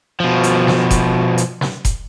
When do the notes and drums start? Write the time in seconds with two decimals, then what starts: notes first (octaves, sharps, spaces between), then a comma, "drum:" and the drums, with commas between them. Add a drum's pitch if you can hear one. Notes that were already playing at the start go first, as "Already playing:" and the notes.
0.20 B2 F3
0.43 drum: hi-hat
0.67 drum: snare
0.91 drum: kick F1, hi-hat
1.38 drum: hi-hat
1.61 drum: snare
1.85 drum: kick F1, hi-hat